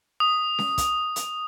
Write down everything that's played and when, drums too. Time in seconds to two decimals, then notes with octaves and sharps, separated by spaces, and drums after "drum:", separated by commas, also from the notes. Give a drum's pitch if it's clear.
0.20 D#6
0.59 drum: snare C#4
0.78 drum: kick, hi-hat
1.16 drum: hi-hat